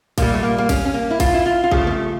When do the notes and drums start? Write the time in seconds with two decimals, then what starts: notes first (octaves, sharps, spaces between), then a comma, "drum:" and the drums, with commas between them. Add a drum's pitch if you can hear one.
0.18 A#2 G3 A#3, drum: kick A1, cymbal
0.34 A3
0.43 A#3
0.58 A#3
0.69 C#4, drum: kick A1, cymbal
0.85 C#4
0.94 A#3
1.10 E4
1.20 F4, drum: kick A1, cymbal
1.34 E4
1.46 F4
1.64 F4
1.71 C#3 F3 A3 G4, drum: kick A1
1.87 A#3
1.91 A3